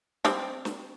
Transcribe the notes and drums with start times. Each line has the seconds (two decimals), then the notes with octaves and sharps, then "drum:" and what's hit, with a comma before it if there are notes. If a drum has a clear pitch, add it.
0.25 G3 C4 G4, drum: snare
0.65 drum: snare